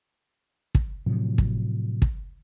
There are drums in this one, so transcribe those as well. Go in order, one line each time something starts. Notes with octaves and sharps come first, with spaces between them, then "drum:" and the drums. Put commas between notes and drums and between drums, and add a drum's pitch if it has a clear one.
drum: kick
A2 C3 F3 F#3
drum: kick
drum: kick